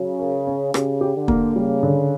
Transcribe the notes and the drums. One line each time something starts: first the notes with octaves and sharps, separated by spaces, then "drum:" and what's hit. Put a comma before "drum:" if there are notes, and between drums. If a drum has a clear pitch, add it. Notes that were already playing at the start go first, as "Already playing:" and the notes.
Already playing: C#3 F#3
A#4
C#4
C#3 G4, drum: rim click
G4
D3
A#3, drum: kick
C#3 G3
D3